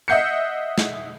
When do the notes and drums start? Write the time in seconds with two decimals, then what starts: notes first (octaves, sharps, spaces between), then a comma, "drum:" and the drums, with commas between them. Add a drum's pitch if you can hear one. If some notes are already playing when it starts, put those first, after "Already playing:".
0.08 D#5 E5 F#5 G6 C7 C#7
0.78 drum: snare